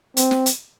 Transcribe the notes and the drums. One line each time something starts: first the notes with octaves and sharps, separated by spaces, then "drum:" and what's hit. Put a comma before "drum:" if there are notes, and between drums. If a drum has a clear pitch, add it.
C4, drum: hi-hat
drum: snare
drum: hi-hat